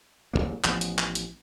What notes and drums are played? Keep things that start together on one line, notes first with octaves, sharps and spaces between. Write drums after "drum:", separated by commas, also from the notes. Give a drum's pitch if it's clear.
D1 A1 F#2 A#3
A1 F3 F#3 B3, drum: clap
drum: hi-hat
drum: clap
drum: hi-hat